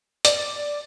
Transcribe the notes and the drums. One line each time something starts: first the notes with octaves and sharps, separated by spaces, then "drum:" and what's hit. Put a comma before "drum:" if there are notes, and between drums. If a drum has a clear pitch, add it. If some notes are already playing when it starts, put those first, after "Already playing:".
D5, drum: hi-hat